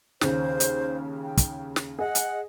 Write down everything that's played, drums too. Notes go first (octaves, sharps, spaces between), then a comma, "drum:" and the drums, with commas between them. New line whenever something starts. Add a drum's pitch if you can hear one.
D#2 C#3 C5, drum: snare
drum: hi-hat
G5
drum: kick, hi-hat
drum: snare
G#4 D#5 F#5
drum: hi-hat